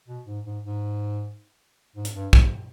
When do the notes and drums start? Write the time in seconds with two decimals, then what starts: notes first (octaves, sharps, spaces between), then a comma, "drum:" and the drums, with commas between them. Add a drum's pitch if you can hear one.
0.08 B2
0.27 G#2
0.47 G#2
0.65 G#2
1.96 G#2
2.05 drum: hi-hat
2.15 G2
2.33 A2, drum: kick
2.42 G#2